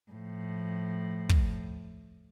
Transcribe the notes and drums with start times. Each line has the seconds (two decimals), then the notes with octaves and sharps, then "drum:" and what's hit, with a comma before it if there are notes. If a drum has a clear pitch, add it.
0.12 A2 F3
1.29 drum: kick